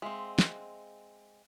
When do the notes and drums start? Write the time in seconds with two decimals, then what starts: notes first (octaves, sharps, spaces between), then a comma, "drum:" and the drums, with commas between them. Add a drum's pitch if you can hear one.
0.02 G#3 C4 E5 F5 C6
0.39 drum: snare